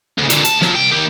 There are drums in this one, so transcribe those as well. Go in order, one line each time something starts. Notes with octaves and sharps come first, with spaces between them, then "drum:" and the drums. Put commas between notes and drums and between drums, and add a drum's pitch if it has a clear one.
D2 C#3
A#2 D3, drum: hi-hat
D2 A5, drum: hi-hat
F3 F#3, drum: snare
C2 G5
D#3 G4